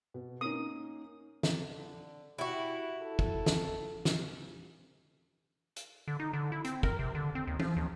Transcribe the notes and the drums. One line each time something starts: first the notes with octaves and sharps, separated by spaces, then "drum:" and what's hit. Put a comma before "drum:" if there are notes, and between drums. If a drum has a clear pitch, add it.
B2
A#3 C#4 D#4 D#6
drum: snare
D3
E4 F#4 G4
A4
drum: kick
drum: snare
drum: snare
drum: hi-hat
D3
D#4
D3
E4
C4, drum: hi-hat
A#4, drum: kick
C3
D3
C4
D#2
F3, drum: tom
D#2